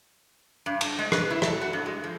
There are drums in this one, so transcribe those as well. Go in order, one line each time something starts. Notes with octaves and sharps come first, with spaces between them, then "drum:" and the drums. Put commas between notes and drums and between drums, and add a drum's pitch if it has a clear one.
G2
A5, drum: cymbal
G#3
B4, drum: rim click
E4
A4, drum: rim click
F#4
G2
G#3
F3